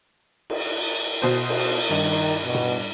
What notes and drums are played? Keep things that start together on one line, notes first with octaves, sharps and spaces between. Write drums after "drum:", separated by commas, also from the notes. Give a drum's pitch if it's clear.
drum: cymbal
B2 C5
drum: cymbal
G2 D#3
B2
drum: tom